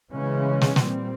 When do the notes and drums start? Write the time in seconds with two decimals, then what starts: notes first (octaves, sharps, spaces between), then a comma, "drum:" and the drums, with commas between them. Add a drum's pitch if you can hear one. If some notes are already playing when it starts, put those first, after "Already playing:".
0.12 C#3 E3 G#3 C#4
0.62 drum: snare
0.76 A#2 G3 C4, drum: snare